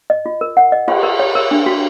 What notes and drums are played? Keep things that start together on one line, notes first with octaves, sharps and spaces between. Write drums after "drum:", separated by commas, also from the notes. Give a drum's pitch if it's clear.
D#5
F4
A#4
F#5
D#5
F4, drum: cymbal
A#4
C#5
A#4
D4
F#4